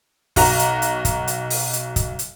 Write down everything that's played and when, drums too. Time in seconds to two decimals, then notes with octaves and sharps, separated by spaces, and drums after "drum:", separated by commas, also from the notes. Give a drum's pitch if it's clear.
0.36 B1 F#4 A#5, drum: kick, open hi-hat
0.59 drum: hi-hat
0.82 drum: hi-hat
1.05 drum: kick, hi-hat
1.27 drum: hi-hat
1.50 drum: open hi-hat
1.73 drum: hi-hat
1.96 drum: kick, hi-hat
2.19 drum: hi-hat